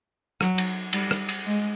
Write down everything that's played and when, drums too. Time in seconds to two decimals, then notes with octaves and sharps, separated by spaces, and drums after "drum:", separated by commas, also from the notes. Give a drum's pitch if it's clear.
0.41 F#3, drum: rim click
0.58 drum: cymbal
0.93 G3, drum: cymbal
1.11 drum: rim click
1.29 drum: cymbal
1.46 G#3